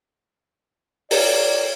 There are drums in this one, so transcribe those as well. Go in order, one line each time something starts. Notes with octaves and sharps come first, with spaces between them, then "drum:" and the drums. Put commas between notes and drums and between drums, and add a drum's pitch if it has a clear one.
C#5 D5, drum: open hi-hat